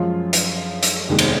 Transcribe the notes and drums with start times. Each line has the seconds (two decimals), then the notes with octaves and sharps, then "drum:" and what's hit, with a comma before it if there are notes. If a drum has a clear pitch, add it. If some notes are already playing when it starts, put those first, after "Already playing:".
Already playing: F#2 F3 G#3 C#4 F4
0.33 drum: hi-hat
0.83 drum: hi-hat
1.09 F1 D#2 D#3 G#3 B3
1.19 drum: cymbal